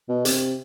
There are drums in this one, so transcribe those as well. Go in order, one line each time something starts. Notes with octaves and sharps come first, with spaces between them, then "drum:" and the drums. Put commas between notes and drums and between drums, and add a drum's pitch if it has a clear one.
B2
C3, drum: hi-hat